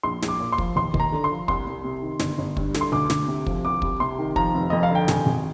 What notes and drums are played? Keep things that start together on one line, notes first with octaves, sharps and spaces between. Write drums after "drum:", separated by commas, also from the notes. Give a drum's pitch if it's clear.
A#1 C6
A#1, drum: snare
D6
A#2
C6
F3, drum: kick
D#2 C6
D#2, drum: kick
A#5
D3
C6
F3
C2 C6, drum: kick
C2
C3
D#3
G1, drum: snare
G1
G2, drum: kick
D3, drum: snare
C6
D2 D6
D2, drum: snare
C3
F3, drum: kick
C2 D6
C2, drum: kick
C3 C6
D#3
F3 A#5, drum: kick
F1
F2 D#5
F5
D3 G5
G#1 G#5, drum: snare
G#1